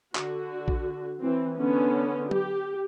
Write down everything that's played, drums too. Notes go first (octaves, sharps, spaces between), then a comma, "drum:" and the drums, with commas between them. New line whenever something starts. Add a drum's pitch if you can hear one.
D3 F#4, drum: clap
drum: kick A#1
E3 C4
D3 B3 C#4
G4, drum: tom F#3